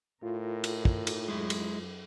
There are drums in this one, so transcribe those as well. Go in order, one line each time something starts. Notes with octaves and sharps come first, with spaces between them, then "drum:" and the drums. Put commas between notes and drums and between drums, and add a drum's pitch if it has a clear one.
A2 F4 A#4
drum: cymbal
drum: kick
drum: cymbal
F#2 G#3 E4
drum: cymbal